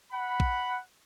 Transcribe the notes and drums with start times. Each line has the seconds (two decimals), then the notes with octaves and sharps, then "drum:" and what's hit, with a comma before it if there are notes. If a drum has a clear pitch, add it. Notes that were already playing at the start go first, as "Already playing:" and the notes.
0.12 F#5 B5
0.40 drum: kick